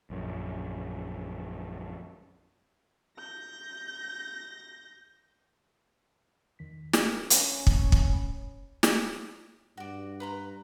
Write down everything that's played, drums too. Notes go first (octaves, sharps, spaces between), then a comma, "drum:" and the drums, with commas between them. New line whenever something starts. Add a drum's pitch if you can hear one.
A#1 F#2
G6 A#6
E2 D#3 B6
A#1 G2 A#4 D#6, drum: snare
C#4 G#5 B5, drum: hi-hat
A3 A#3, drum: kick
drum: kick
B5
drum: snare
G2 F#4 D5
B4 A#5 C6